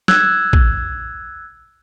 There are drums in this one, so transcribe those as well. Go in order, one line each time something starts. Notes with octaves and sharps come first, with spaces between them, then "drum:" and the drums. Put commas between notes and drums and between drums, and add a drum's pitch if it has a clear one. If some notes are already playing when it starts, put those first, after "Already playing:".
E6 F#6 G#6, drum: snare
drum: kick